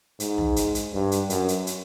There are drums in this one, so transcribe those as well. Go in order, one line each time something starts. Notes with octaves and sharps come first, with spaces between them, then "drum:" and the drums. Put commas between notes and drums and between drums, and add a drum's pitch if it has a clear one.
G#2, drum: hi-hat
drum: tom
drum: hi-hat
drum: hi-hat
G2
drum: hi-hat
F#2, drum: hi-hat
drum: hi-hat
drum: hi-hat